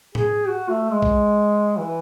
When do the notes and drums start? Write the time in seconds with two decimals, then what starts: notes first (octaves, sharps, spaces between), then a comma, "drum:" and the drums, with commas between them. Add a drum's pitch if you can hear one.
0.15 G#4, drum: tom A2
0.47 F#4
0.70 A3
0.91 G#3
1.02 drum: kick
1.78 E3